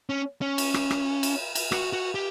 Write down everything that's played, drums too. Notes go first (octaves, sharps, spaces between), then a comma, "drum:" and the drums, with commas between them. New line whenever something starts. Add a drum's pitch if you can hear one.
C#4
C#4
drum: cymbal
drum: rim click
drum: rim click
drum: cymbal
drum: cymbal
F#4, drum: rim click
F#4
G4